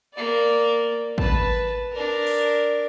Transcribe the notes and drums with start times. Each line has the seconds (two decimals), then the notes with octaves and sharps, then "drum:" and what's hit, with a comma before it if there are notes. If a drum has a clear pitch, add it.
0.14 A#3 D5
1.18 B4 A5, drum: kick G#1
1.93 D4 A#4
2.27 drum: open hi-hat